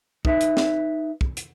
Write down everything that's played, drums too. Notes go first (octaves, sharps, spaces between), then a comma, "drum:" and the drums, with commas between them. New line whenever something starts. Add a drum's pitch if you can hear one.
D#4 B4 E5, drum: kick
drum: hi-hat
drum: snare
drum: kick
drum: hi-hat